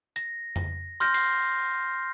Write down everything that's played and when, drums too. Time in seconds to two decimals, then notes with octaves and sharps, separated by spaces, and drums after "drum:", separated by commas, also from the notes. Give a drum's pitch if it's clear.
0.16 A#6, drum: hi-hat
0.56 drum: tom F2
1.00 C6 F6 G6 A#6
1.14 C7, drum: cymbal